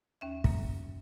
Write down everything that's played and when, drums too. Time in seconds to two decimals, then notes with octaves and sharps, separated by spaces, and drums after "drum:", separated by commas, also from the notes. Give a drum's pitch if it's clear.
0.21 D#2 C#4 E5
0.44 F#2 A#3, drum: kick